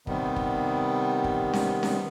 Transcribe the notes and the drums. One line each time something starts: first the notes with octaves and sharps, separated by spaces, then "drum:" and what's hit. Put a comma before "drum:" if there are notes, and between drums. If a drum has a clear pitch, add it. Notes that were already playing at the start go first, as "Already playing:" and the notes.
C3 D#3 G3 B3, drum: kick
drum: kick
drum: kick
drum: snare C#4
drum: snare C#4